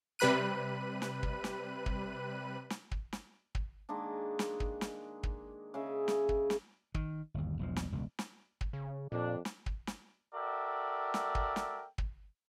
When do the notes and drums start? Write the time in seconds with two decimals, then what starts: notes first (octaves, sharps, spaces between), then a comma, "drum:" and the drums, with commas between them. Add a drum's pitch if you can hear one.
0.19 C3 G3 B4 B5 F#6 D#7
1.02 drum: snare
1.23 drum: kick
1.44 drum: snare
1.86 drum: kick
2.70 drum: snare
2.91 drum: kick
3.13 drum: snare
3.55 drum: kick
3.89 D#3 G#3 A#3 D4
4.39 drum: snare
4.60 drum: kick
4.81 drum: snare
5.23 drum: kick
5.74 C#3 G#4 D#5 E5
6.08 drum: snare
6.29 drum: kick
6.50 drum: snare
6.95 D#3, drum: kick
7.34 G1 D#2
7.59 E1 B1 F3
7.76 drum: snare
7.92 E1 C#2
8.19 drum: snare
8.61 drum: kick
8.73 C#3
9.12 F2 A#2 D4
9.45 drum: snare
9.66 drum: kick
9.87 drum: snare
10.35 F#4 A4 A#4 D5 E5 G5
11.14 drum: snare
11.35 drum: kick
11.56 drum: snare
11.98 drum: kick